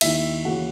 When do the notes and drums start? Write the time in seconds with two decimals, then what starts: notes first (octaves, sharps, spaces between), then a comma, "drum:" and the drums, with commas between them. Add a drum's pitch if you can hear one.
0.01 D#2 D#3 E4 E5, drum: cymbal
0.45 D#2 C#3 E3 F#4 F#5